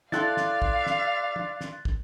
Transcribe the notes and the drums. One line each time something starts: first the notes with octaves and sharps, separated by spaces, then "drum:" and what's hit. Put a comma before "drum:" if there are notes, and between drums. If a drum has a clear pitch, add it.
E4 A4 D5 F5 C6 F#6 A6, drum: snare
drum: snare
drum: kick
drum: snare
drum: tom
drum: snare
drum: kick